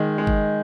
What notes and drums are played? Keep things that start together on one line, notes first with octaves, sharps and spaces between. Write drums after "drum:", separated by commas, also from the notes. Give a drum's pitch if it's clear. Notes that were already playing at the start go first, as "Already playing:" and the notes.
Already playing: D#3 G#3
G#3
drum: kick G1